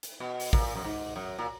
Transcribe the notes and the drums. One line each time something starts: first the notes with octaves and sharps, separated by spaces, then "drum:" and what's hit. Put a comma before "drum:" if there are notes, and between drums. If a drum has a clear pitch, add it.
drum: hi-hat
B2
drum: open hi-hat
A#2, drum: kick
F#2
G#2
F#2
A#2